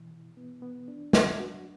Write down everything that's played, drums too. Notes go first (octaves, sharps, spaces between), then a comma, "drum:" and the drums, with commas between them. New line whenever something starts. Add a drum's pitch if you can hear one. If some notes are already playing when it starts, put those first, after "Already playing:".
Already playing: B2 E3
E3
B3
B3
D4
F#3, drum: snare
F#4